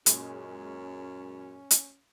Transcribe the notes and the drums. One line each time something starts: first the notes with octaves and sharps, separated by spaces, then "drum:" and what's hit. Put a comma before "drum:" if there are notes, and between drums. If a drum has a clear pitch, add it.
F#2 A#2 G#3 C#4, drum: hi-hat
drum: hi-hat